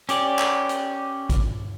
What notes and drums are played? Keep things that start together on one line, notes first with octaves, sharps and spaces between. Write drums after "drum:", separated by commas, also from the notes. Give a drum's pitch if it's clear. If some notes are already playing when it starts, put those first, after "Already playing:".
C#4 G4 D5, drum: hi-hat
drum: clap
drum: hi-hat
drum: kick, hi-hat